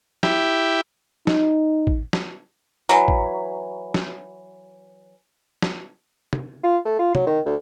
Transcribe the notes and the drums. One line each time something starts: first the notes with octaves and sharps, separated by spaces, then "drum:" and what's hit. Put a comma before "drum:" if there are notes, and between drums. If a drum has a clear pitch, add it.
E4 G4, drum: snare
D#4, drum: snare
drum: kick A1
drum: snare
E3 F#3, drum: tambourine
drum: kick A1
drum: snare
drum: snare
drum: tom
F4
A3
F4
F#3, drum: tom
D#3
D2